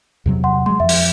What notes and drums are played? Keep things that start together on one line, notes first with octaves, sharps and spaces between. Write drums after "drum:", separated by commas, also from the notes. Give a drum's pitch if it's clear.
E2 C3 F#3
F#5 C6
F#3 G#3 C6
F2 F3 E5
drum: open hi-hat